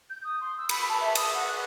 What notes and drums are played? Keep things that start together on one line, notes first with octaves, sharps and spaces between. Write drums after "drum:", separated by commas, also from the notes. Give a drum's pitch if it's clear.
G6
D#6
C6
E6
B5, drum: cymbal
A5
E5
D#6, drum: cymbal
F#5
F#6